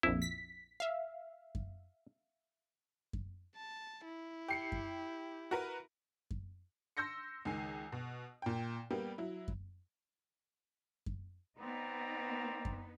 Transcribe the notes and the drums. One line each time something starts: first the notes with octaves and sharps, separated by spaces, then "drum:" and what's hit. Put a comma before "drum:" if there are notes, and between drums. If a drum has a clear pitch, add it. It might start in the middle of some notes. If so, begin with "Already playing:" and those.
A#1 F2 E4
B6
E5 F5
drum: kick F#2
drum: kick F#2
A5
E4
G4 C7 C#7
drum: kick F#2
F#4 A#4 B4
drum: kick F#2
C6 E6 G6 A#6 C#7
C#2 D#3 G#5 C7
B2
A#2 G5
G3 A#3 B3 G4
F#3 E4
drum: kick F#2
drum: kick F#2
B3 C4 D#4 D5 A#5
drum: kick F#2